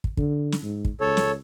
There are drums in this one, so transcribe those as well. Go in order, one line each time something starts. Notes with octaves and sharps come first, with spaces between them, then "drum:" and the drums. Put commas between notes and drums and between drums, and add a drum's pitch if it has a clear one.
drum: kick
D3, drum: kick
drum: snare
G#2
drum: kick
C#2 A4 C#5
drum: snare